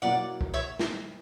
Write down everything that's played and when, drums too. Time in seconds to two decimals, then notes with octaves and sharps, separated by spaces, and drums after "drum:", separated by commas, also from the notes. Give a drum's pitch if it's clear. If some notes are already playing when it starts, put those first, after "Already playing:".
0.02 B2 F#3 A#3 E4 D5 F#5
0.41 drum: kick
0.54 C#5 E5
0.79 drum: snare